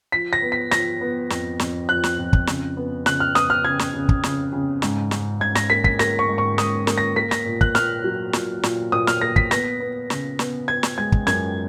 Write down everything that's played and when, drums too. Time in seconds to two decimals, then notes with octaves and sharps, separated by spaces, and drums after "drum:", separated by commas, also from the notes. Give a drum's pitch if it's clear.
0.12 F3 B6
0.33 A#6
0.42 B3
0.52 B6
0.71 F3 A#6, drum: snare
1.01 B3
1.30 F2, drum: snare
1.59 F2, drum: snare
1.89 F3 F#6
2.04 drum: snare
2.18 F2
2.33 drum: kick
2.47 C#3, drum: snare
2.77 B3
3.06 C#3 F#6, drum: snare
3.20 F6
3.35 B3 D#6, drum: snare
3.50 F6
3.65 C#3 G#6
3.79 drum: snare
3.94 C#3
4.09 drum: kick
4.23 C#3, drum: snare
4.53 C#3
4.82 G#2, drum: snare
5.11 G#2, drum: snare
5.40 G#2 G#6
5.55 A#6, drum: snare
5.70 A#3 B6
5.84 B6, drum: kick
5.99 A#3 A#6, drum: snare
6.19 C#6
6.29 G#2
6.38 C#6
6.58 G#2 D#6, drum: snare
6.87 A#3, drum: snare
6.98 A#6
7.16 A#3 B6
7.31 A#6, drum: snare
7.46 A#2
7.61 F#6, drum: kick
7.75 A#2 F6, drum: snare
8.04 F#3
8.33 A#2, drum: snare
8.63 A#2, drum: snare
8.92 A#2 D#6
9.07 F6, drum: snare
9.21 A#3 A#6
9.36 B6, drum: kick
9.51 B3 A#6, drum: snare
9.80 B3
10.10 C#3, drum: snare
10.39 B3, drum: snare
10.68 B3 G#6
10.83 drum: snare
10.98 G#3 G#6
11.12 drum: kick
11.27 F#2 G#6, drum: snare